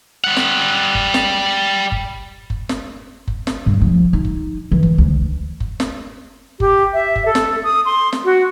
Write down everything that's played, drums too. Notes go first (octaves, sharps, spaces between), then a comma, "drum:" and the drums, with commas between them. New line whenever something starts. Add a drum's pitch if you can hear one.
G3 F#5
drum: snare
drum: kick F#1
drum: snare
drum: kick F#1
drum: kick F#1
drum: snare
drum: kick F#1
drum: snare
G2
F3
D#4
drum: kick F#1
E3
drum: kick F#1
D2
drum: kick F#1
drum: snare
G4, drum: kick F#1
E5
drum: kick F#1
A4
drum: snare
D#6
C6
drum: snare
F#4